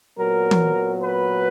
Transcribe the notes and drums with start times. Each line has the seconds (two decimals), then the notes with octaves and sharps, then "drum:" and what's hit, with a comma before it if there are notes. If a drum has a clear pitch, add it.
0.18 A#2 F#3 B3 A#4
0.51 drum: tom E3
1.02 B4